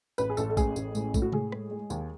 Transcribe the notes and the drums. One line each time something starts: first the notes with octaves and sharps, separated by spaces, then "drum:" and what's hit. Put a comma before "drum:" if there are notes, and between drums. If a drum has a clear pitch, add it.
A1 B4, drum: tambourine
G#4
A1 A4, drum: tambourine
A4
A2 G#4, drum: kick, tambourine
A1, drum: tambourine
A2, drum: tambourine
A2, drum: kick, tambourine
F#4
A2 G#4, drum: tom C3
G#3, drum: rim click
G#3
D#2, drum: tambourine